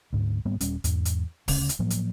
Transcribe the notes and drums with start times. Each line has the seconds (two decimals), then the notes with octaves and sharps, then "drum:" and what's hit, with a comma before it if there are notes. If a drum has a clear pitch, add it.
0.13 D2 G#2
0.45 G#2 G3 A#3 B3
0.61 D#1 G3 C#4, drum: hi-hat
0.84 E2 G#2, drum: hi-hat
1.05 drum: hi-hat
1.48 D2 C#3 C#4, drum: kick, open hi-hat
1.69 drum: hi-hat
1.79 A2 F3 F#3 A#3
1.90 drum: hi-hat